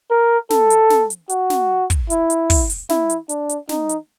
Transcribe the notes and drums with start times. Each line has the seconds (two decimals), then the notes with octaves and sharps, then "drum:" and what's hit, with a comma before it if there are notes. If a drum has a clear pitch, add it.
0.10 A#4
0.50 A4, drum: snare
0.70 drum: hi-hat
0.90 drum: snare
1.10 drum: hi-hat
1.29 F#4, drum: hi-hat
1.50 drum: snare
1.90 drum: kick, hi-hat
2.10 E4, drum: hi-hat
2.30 drum: hi-hat
2.50 drum: kick, open hi-hat
2.70 drum: hi-hat
2.89 E4, drum: snare
3.10 drum: hi-hat
3.29 D4, drum: hi-hat
3.49 drum: hi-hat
3.69 D#4, drum: snare
3.89 drum: hi-hat